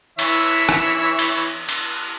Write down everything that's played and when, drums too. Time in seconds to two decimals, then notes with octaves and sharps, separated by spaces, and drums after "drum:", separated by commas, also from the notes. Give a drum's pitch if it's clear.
0.19 E3 C#5 E5, drum: cymbal
0.69 drum: rim click
1.19 drum: cymbal
1.69 drum: cymbal